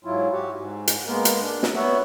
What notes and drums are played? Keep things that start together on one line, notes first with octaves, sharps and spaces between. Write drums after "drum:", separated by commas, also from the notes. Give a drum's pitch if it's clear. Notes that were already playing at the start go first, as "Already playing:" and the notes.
G#2 F#3 E4 F4
F#4 G4
G#2
drum: hi-hat
G#3 A#3 B3 A#4
drum: hi-hat
D4
drum: snare
B3 C#5 E5 F#5